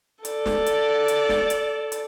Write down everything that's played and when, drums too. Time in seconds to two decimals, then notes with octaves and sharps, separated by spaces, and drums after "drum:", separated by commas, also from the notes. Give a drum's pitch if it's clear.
0.25 A4 D5, drum: hi-hat
0.46 drum: snare
0.66 drum: hi-hat
1.08 drum: hi-hat
1.29 drum: snare
1.50 drum: hi-hat
1.92 drum: hi-hat